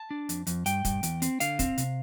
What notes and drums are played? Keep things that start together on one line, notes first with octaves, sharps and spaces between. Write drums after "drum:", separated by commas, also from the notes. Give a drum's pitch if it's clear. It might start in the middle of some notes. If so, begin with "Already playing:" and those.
Already playing: A5
D4
F2, drum: hi-hat
F2, drum: hi-hat
G2 G5, drum: hi-hat
G2, drum: kick, hi-hat
E2, drum: hi-hat
C4, drum: hi-hat
D3 F5, drum: hi-hat
C4, drum: kick, hi-hat
C3, drum: hi-hat